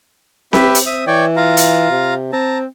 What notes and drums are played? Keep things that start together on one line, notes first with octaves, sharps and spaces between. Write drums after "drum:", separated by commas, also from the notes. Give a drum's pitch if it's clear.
C4 G4 B4 E5, drum: snare C4
drum: hi-hat
E5 D#6
E3 C#5 D5 G5
F4 F5 A#5
drum: hi-hat
C3
C4 A5 A#5